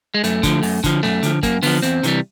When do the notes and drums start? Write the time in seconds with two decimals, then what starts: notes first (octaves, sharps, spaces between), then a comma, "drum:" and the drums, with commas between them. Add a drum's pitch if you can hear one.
0.14 G#3
0.24 F#2 A3, drum: hi-hat
0.43 D3 F3, drum: kick, hi-hat
0.63 F#2, drum: open hi-hat
0.84 D3 F3, drum: kick, hi-hat
1.03 F#2 A3, drum: snare
1.23 D3 F3, drum: hi-hat
1.43 F#2 A#3, drum: kick, hi-hat
1.63 D3 F3 B3, drum: open hi-hat
1.82 E2 C4, drum: hi-hat
2.03 C3 E3 G3, drum: hi-hat